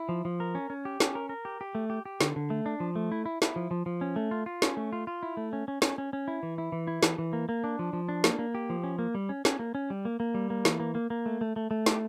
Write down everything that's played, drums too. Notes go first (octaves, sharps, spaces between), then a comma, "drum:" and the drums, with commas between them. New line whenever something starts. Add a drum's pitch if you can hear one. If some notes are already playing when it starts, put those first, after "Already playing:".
Already playing: E4
F3
F3
A#4
C#4
C#4
G4
C#4, drum: snare
A#4
A#4
G4
G4
A3
G4
G4
D3, drum: snare
D3
A3
D4
F3
A3
E4
E4
E4, drum: snare
F3
F3
F3
C#4
A3
F4
F4
C#4, drum: snare
A3
F4
F4
E4
A3
C#4
C#4
C#4, drum: snare
C#4
C#4
E4
E3
E4
E3
E4
E3, drum: snare
E3
A#3
A#3
D4
F3
F3
D4
A#3, drum: snare
A#3
G4
F3
C#4
A#3
G3
C#4
C#4, drum: snare
A#3
C#4
G3
A#3
A#3
G3
A#3
E3, drum: snare
A#3
A#3
A#3
A3
A3
A3
A3
G4, drum: snare